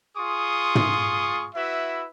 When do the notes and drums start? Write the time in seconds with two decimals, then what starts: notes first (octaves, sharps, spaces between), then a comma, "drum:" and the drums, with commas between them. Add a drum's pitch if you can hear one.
0.16 F4 G#4 C6 C#6 D#6
0.75 drum: tom
1.55 E4 F#4 B4 E5